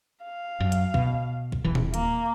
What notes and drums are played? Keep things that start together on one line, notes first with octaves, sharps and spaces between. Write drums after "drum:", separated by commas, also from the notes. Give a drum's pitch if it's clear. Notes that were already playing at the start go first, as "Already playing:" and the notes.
F5
F#2
drum: hi-hat
B2, drum: kick
drum: kick
D#1 E3
drum: tom A#2
A#3, drum: hi-hat